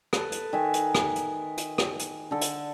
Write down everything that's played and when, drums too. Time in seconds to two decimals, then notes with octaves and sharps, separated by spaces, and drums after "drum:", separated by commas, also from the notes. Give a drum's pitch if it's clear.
0.13 A4 B4, drum: rim click
0.32 drum: hi-hat
0.53 D#3 E5 G#5
0.74 drum: hi-hat
0.95 drum: rim click
1.15 drum: hi-hat
1.57 drum: hi-hat
1.78 drum: rim click
1.99 drum: hi-hat
2.31 D3 A4
2.41 drum: hi-hat